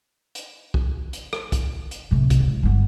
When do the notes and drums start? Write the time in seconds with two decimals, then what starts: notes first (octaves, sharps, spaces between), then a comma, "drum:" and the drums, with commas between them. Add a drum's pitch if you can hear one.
0.35 drum: hi-hat
0.74 drum: kick
1.13 drum: hi-hat
1.33 drum: rim click
1.52 drum: kick, hi-hat
1.91 drum: hi-hat
2.11 A2 C3
2.30 drum: kick, hi-hat
2.40 C#2
2.63 G1 B3